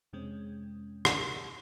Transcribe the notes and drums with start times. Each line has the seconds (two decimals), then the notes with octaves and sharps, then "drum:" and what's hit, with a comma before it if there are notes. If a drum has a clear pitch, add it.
0.13 F2 C3 G#3 C4 C#4
1.05 drum: rim click